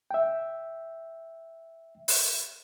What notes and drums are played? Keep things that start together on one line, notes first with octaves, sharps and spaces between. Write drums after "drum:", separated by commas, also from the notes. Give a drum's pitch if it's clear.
E5 G5
drum: open hi-hat